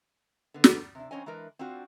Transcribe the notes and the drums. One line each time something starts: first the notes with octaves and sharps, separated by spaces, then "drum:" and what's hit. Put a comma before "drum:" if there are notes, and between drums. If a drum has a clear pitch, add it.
D3 B3
drum: snare
C3 D4
F2 C4 C#4 C#5 D#5 G#5
E3 G#3 D4 A#4 B4
C4 D4 F4 F#4